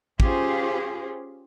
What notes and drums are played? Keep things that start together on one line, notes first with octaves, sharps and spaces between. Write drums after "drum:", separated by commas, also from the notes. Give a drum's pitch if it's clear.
C#4 F4 G4 G#4 C5, drum: kick